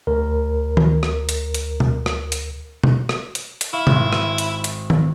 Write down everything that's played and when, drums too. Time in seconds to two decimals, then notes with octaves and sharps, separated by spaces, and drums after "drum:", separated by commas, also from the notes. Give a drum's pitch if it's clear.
0.07 D2 A#4
0.77 drum: tom D#3
1.03 drum: rim click
1.29 drum: hi-hat
1.54 drum: hi-hat
1.80 drum: tom B2
2.06 drum: rim click
2.32 drum: hi-hat
2.84 drum: tom B2
3.09 drum: rim click
3.35 drum: hi-hat
3.61 drum: hi-hat
3.73 E4 F5 C#6
3.87 G#1 G#3 C6, drum: tom B2
4.13 drum: rim click
4.38 drum: hi-hat
4.64 drum: hi-hat
4.90 drum: tom D#3